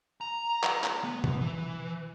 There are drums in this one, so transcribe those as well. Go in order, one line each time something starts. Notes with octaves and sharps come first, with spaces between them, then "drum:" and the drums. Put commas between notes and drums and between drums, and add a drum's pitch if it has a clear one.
A#5
drum: clap
drum: clap
B3
E3, drum: tom B2
E3